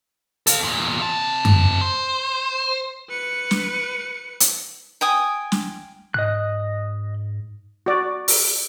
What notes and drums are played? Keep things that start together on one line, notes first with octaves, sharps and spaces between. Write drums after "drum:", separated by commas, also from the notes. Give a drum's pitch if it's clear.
A4 F5, drum: hi-hat
E2 A#2
C3 A5
drum: tom F#2
C5
B4 C#7
drum: snare
drum: hi-hat
G5 G#5 D#6
drum: snare
G#2 D#5 F#6
F#4 D5
drum: open hi-hat